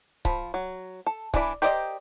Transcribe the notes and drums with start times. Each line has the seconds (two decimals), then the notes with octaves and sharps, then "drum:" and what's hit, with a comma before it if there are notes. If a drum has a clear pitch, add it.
0.25 F3 B5, drum: kick C#1
0.54 F#3
1.06 A4
1.34 E3 D4 E4 D5 B5, drum: kick C#1
1.62 G4 A#4 C5 D5 D#5